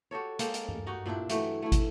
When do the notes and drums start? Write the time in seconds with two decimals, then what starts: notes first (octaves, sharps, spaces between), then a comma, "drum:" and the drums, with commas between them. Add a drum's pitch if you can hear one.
0.11 F#4 G4 A4 C#5
0.39 G#3 A#3 A4 G5, drum: hi-hat
0.54 drum: hi-hat
0.69 drum: tom G2
0.87 D#4 F#4 G4
1.06 A#2 D4 E4 G4
1.29 E3 F#3 A3 G4, drum: hi-hat
1.62 A3 E4
1.72 drum: kick, hi-hat